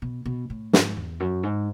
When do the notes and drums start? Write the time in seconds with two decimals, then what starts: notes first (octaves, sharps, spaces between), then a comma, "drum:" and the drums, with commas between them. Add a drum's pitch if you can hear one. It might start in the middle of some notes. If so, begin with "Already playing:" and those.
0.02 B2
0.26 B2
0.50 A2
0.73 G#2, drum: snare
0.97 E2
1.20 F#2
1.43 G#2